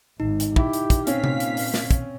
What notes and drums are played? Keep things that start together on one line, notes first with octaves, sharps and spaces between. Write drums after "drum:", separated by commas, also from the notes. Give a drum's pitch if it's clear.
G#1 D#4
drum: hi-hat
E4 G4, drum: kick
drum: hi-hat
drum: kick, hi-hat
A#2 C4 C#4 F5 B6, drum: hi-hat
drum: tom C3
drum: hi-hat
drum: open hi-hat
drum: snare
drum: kick, hi-hat